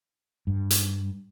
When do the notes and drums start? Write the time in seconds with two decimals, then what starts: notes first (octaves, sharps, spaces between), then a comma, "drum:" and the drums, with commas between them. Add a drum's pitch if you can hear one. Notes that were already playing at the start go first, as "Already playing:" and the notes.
0.47 G2
0.70 drum: hi-hat